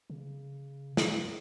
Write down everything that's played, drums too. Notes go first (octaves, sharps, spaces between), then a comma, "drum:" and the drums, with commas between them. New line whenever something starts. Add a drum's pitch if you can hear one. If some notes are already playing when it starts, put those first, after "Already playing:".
C#3
drum: snare